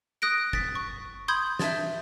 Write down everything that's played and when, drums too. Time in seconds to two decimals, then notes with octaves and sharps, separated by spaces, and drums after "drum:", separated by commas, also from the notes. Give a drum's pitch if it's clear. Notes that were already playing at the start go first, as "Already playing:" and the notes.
0.22 D#6 F#6 A#6 D7
0.53 A6 B6, drum: kick
0.75 C#6
1.28 B5 C6 D#6 G6 G#6
1.59 E5 A5 A6, drum: snare